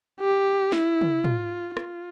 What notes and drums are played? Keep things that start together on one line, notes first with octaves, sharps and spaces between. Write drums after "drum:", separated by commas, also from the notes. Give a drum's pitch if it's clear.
G4
E4, drum: snare
drum: tom
F4, drum: tom
F4, drum: rim click